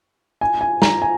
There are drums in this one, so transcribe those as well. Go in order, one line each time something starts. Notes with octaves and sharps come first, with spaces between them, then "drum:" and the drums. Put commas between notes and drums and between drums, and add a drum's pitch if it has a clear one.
G#5
G#5
A#5, drum: snare
G#5